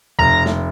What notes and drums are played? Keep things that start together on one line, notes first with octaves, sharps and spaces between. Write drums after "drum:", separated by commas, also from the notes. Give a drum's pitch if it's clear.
F1 A#5, drum: tom B2
drum: snare